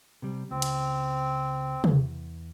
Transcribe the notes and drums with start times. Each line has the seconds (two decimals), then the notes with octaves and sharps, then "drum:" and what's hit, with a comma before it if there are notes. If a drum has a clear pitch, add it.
0.22 C3 G3
0.51 C#2 C4
0.62 drum: cymbal
1.84 E2, drum: tom C3